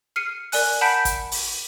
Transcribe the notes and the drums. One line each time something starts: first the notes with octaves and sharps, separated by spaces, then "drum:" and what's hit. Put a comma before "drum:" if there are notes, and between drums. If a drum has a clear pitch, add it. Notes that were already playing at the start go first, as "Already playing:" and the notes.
F6 C7 C#7 D#7
A#4 D5 G#5 F#6, drum: open hi-hat
F#5 A5 B5 G6 B6 D7
drum: kick, hi-hat
drum: open hi-hat